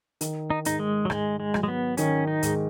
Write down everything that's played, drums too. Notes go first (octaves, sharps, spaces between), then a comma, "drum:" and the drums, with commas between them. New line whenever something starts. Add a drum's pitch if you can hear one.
D#3, drum: hi-hat
D#4
G#2 D#4, drum: hi-hat
G#3
F#3
G#2 G#3, drum: rim click
G#3
F#3, drum: rim click
G#3
B3
D#3 C#4, drum: hi-hat
D#4
G#2, drum: hi-hat